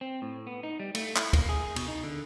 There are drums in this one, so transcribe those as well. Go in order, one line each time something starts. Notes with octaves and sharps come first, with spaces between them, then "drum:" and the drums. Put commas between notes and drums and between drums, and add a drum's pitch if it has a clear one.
C4
A2
B3
D#4
G3
A3, drum: cymbal
E4, drum: clap
A#3, drum: kick, cymbal
G#4
B2, drum: cymbal
D#4
D3